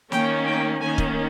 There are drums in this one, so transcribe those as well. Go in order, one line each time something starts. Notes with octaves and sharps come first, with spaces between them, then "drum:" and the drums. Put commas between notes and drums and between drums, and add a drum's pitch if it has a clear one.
D#3 A#3 C#4 G5, drum: snare
G5
D#3 A#3 C#4 G#5
drum: kick